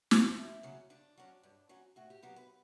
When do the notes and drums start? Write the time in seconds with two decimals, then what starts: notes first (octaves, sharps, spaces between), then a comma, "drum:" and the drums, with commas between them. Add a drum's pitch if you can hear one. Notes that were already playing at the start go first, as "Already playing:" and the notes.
0.11 C#3 F#3, drum: snare
0.37 F#2 E4
0.63 C#3 F#3
0.90 G2 D4
1.17 F#3 C#4
1.43 G2
1.69 F#3 C#4
1.96 A2 F#4
2.10 G4
2.22 F#3 B3 G4
2.36 B4